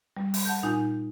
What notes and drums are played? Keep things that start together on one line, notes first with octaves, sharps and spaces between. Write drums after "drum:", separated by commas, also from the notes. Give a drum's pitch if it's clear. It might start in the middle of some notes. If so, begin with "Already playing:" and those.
G3
drum: open hi-hat
F#5 A5 G6
A#2 D#4 F4 G#5 G6